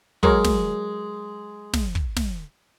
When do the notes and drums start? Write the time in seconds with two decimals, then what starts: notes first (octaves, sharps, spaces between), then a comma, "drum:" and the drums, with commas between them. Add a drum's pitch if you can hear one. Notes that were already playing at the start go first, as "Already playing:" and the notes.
0.23 F#3 G#3 A#4 C#5, drum: kick
0.44 drum: snare
1.74 drum: snare
1.95 drum: kick
2.17 drum: snare